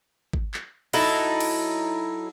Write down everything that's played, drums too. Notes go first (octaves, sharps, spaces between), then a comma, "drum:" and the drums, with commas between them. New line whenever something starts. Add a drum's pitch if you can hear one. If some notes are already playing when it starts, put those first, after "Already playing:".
drum: kick G#1
drum: clap
F#3 D#4 E4 A4, drum: cymbal
drum: cymbal